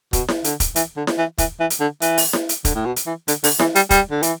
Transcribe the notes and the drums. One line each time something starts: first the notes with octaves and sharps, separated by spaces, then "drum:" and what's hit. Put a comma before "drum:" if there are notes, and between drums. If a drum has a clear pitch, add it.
B2, drum: kick, hi-hat
drum: snare E4
D3, drum: hi-hat
drum: kick, hi-hat
E3, drum: hi-hat
D3
drum: snare E4
E3
E3, drum: kick, hi-hat
E3
drum: hi-hat
D3
E3, drum: hi-hat
drum: open hi-hat
drum: snare E4
drum: hi-hat
D3, drum: kick, hi-hat
A2
B2
drum: hi-hat
E3
D3, drum: hi-hat
D3, drum: open hi-hat
E3, drum: snare E4
G3, drum: hi-hat
G3, drum: kick, hi-hat
D3
E3, drum: hi-hat